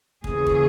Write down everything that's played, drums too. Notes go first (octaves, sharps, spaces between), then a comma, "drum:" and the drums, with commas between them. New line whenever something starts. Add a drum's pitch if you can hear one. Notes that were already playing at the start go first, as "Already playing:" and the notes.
D#2 C#3 E3 G#4, drum: kick
drum: kick